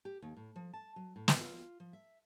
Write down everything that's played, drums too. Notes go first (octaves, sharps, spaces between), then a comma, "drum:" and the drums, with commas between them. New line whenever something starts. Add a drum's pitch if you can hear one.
G4
D#2
A2
F3
A5
F#3
A2
drum: snare
F4
F3
E5